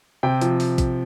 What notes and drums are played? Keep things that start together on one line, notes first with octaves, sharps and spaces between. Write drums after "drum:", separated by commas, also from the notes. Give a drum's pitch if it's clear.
C3 G5
F3, drum: hi-hat
drum: open hi-hat
drum: kick A#1, hi-hat